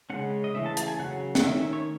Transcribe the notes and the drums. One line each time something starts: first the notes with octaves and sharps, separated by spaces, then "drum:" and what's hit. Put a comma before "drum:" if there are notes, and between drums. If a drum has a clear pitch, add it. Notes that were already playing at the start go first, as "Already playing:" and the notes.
C#3 G#3 C#4 F#5
D#5
C#3 E3 A3 C#4 E5
A5
A5, drum: hi-hat
G#5
C#3 F#3 C#4 F#5
F#5, drum: snare
D#3 A3 C#4 E5
E5
C#5